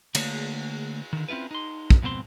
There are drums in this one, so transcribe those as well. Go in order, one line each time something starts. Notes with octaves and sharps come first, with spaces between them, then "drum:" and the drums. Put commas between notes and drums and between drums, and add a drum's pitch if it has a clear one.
D3 A3 A#3 G#4 C#5, drum: cymbal
D3 D#3
C4 C#4 E4 F4 B4
D#4 C6
drum: kick
F2 G#2 B2 C4 C6